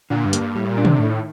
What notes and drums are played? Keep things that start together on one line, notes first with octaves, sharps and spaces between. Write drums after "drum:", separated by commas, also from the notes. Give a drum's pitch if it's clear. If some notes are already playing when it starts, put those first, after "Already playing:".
A#2 D3
G2
A#3, drum: hi-hat
G2
A2 G3
A#2
D4
C3, drum: tom
A2 D#3